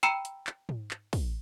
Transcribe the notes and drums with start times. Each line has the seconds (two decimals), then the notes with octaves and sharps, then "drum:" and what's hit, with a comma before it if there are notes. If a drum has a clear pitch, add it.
0.03 G5 A#5 B5 E6 C#7 E7, drum: hi-hat
0.25 drum: hi-hat
0.47 drum: clap
0.69 drum: tom
0.91 drum: clap
1.13 drum: kick, open hi-hat